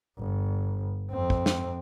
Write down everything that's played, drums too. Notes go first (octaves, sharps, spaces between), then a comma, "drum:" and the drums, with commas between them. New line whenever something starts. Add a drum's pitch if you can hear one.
G1
F2 C4
drum: kick
drum: snare